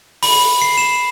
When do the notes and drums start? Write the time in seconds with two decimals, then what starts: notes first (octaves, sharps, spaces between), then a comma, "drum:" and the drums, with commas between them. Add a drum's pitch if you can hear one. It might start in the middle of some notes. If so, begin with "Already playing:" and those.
0.23 B5, drum: open hi-hat
0.62 C7
0.78 E7